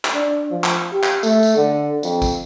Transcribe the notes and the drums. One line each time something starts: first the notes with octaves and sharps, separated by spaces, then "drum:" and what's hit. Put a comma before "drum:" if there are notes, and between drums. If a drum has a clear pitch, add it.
drum: clap
D4
F3
drum: clap
G4
drum: clap
A3, drum: tambourine
drum: tambourine
D3
F2, drum: tambourine
drum: kick, tambourine